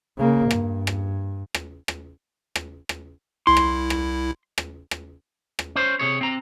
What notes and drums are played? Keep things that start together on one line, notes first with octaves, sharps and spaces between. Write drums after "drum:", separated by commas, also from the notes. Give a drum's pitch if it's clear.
C#3 A#3
G2, drum: rim click
drum: rim click
drum: rim click
drum: rim click
drum: rim click
drum: rim click
C2 E4 C6
drum: rim click
drum: rim click
drum: rim click
drum: rim click
drum: rim click
C#4 C5
C3 G#4 C#5
C4 A#5